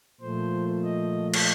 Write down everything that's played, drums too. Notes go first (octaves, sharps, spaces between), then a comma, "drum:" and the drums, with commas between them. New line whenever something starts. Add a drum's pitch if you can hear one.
A#2 F3 A3 C5
D#5
drum: cymbal